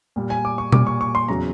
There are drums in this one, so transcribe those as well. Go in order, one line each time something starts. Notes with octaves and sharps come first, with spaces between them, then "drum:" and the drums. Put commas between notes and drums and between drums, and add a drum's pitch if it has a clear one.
A#2 G3
G#5
D6
C#6
A#2 G3 D6, drum: tom B2
C#6
C#6
C6
E2 C#3 F#3 A#5